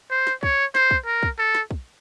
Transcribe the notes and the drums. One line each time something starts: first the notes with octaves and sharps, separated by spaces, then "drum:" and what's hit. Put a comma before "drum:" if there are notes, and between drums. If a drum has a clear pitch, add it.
C5
drum: snare
C#5, drum: kick
C5, drum: snare
drum: kick
A#4
drum: kick
A4
drum: snare
drum: kick